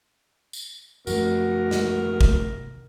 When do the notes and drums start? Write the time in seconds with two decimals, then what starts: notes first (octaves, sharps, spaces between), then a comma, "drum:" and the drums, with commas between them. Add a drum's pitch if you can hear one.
0.53 drum: tambourine
1.07 F#2 F3 A3 F#4 A#4, drum: tambourine
1.71 drum: snare
2.21 drum: kick